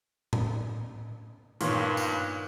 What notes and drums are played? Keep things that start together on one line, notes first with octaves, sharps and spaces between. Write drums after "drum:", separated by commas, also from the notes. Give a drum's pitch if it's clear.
drum: tom A2
G2 A#2 D#3 B3 C#5, drum: hi-hat
drum: tambourine